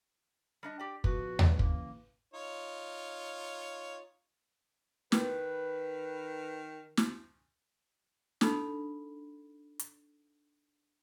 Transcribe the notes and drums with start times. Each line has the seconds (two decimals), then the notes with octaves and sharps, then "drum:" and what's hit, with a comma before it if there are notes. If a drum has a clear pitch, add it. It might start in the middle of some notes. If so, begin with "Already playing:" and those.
0.63 G3 D4 D#5
0.79 G4 D5
1.04 A#1 F3 B3 F#4 B4, drum: kick
1.39 F#2, drum: tom D#2
1.59 B1 C#3 E3 A#3, drum: kick
2.34 D#4 F4 C#5
5.12 D#3 B4, drum: snare
6.97 drum: snare
8.41 D4 D#4 A4 B5, drum: snare
9.79 drum: hi-hat